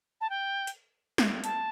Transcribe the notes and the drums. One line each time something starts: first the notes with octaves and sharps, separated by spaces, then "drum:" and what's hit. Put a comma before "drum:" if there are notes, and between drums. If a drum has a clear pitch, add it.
A5
G5
drum: hi-hat
drum: snare
A5, drum: hi-hat